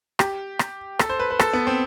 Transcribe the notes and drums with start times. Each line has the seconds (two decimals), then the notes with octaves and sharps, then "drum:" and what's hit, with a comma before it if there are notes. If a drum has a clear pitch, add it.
0.19 G4, drum: rim click
0.59 drum: rim click
0.99 A4, drum: rim click
1.10 C5
1.19 B4
1.31 B4
1.39 A4, drum: rim click
1.53 B3
1.67 C4